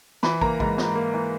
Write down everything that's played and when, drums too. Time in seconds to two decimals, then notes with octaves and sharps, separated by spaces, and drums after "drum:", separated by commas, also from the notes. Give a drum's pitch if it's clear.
0.23 E3 B5, drum: snare
0.41 A#3 A#5, drum: kick
0.60 G#2, drum: kick
0.78 G#2, drum: snare
0.95 A#3
1.14 E3